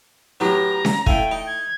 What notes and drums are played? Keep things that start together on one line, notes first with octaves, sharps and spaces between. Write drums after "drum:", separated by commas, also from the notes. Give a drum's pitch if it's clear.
A2 F#3 B3 G4 A#5
drum: snare C#4
A3 E4 F5 G5 G#5, drum: kick
D#4
G#6